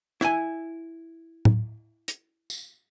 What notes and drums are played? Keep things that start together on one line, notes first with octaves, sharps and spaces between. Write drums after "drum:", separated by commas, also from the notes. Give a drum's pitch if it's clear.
E4 G#5, drum: rim click
drum: tom A2
drum: hi-hat
drum: tambourine